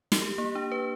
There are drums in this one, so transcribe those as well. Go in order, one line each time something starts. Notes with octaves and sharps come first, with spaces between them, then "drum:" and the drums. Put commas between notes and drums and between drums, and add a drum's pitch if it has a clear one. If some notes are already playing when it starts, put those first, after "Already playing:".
drum: snare
G4
A#3
D4
B4